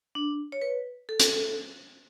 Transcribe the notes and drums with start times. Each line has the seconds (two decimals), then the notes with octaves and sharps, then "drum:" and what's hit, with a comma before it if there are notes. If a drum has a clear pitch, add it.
0.15 D4
0.52 C#5
0.62 B4
1.09 A4
1.20 drum: hi-hat